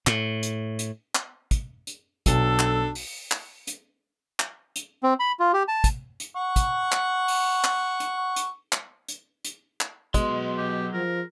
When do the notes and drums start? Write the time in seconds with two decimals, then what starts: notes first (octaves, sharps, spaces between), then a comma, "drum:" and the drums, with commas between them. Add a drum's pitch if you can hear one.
0.07 A2, drum: clap
0.43 drum: hi-hat
0.79 drum: hi-hat
1.15 drum: clap
1.51 drum: kick, hi-hat
1.87 drum: hi-hat
2.26 B1 D4 A4, drum: kick, hi-hat
2.59 drum: clap
2.95 drum: open hi-hat
3.31 drum: clap
3.67 drum: hi-hat
4.40 drum: clap
4.76 drum: hi-hat
5.03 C4
5.20 B5
5.40 F4
5.53 G4
5.68 A5
5.84 drum: kick, hi-hat
6.20 drum: hi-hat
6.35 F#5 C#6
6.56 drum: kick, hi-hat
6.92 drum: clap
7.28 drum: open hi-hat
7.64 drum: clap
8.00 drum: hi-hat
8.36 drum: hi-hat
8.72 drum: clap
9.08 drum: hi-hat
9.45 drum: hi-hat
9.81 drum: clap
10.14 B2 F#3 G#3 C6, drum: kick, hi-hat
10.58 G4
10.93 F3 A#4